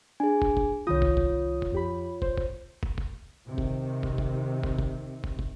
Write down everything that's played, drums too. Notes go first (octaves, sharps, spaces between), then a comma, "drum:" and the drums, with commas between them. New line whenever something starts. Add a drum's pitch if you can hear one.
D4 G#4 G#5
drum: kick
drum: kick
C2 D#3 F4 C#5 D#6
drum: kick
drum: kick
drum: kick
F2 G4 B5
C5, drum: kick
drum: kick
drum: kick
drum: kick
C3 D#3
drum: kick
drum: kick
drum: kick
drum: kick
drum: kick
drum: kick
drum: kick